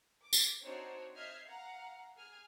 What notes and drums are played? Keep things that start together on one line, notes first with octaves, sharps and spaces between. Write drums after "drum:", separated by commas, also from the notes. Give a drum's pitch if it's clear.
D6
drum: tambourine
C4 D4 D#4 F#4 C5 C#5
D#5 E5 F6 G6 G#6 C7
F5 F#5 A#5
G#4 G#5 F6